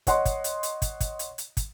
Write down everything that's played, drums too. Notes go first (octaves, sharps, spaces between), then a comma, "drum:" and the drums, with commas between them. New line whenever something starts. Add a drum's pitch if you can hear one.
C#5 D#5 F#5 C6, drum: kick, hi-hat
drum: kick, hi-hat
drum: hi-hat
drum: hi-hat
drum: kick, hi-hat
drum: kick, hi-hat
drum: hi-hat
drum: hi-hat
drum: kick, hi-hat